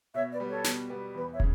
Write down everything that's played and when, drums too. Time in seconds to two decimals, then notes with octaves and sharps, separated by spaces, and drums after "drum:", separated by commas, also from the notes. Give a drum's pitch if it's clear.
0.14 B2 C#5 E5
0.31 B4 D5
0.40 G3 B3
0.48 A4 C#5
0.64 B2, drum: snare
0.89 G3 B3
1.15 E2 B4
1.32 C#5 E5
1.40 C#3, drum: kick